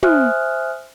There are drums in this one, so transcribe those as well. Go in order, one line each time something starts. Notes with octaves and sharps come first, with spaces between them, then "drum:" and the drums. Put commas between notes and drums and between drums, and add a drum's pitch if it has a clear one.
C5 E5 G#5 D#6 F6 F#6, drum: tom